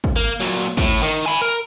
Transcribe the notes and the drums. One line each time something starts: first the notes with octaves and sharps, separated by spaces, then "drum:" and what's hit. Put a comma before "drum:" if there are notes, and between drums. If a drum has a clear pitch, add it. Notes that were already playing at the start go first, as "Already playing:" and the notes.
drum: kick
A#3
A#2 F#3
A2, drum: kick
D#3
G#5 B5
A#4